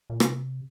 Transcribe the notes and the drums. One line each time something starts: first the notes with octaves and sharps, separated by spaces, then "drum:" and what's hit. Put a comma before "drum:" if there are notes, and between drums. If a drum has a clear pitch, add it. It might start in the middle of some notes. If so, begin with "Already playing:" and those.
A#2
C3, drum: rim click